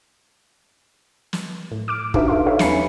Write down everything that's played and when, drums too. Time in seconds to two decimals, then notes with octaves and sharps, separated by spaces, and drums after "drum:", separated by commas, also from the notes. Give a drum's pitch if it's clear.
1.33 drum: snare
1.71 A2
1.88 D6 F6 D7
2.14 D4 D#4 F#4 G4 B4 E5, drum: kick
2.28 A4 F5 C6
2.46 D#4 G4 B4 C#5 E5 F5
2.59 E2 C#4 G#5 B5 C7 C#7, drum: snare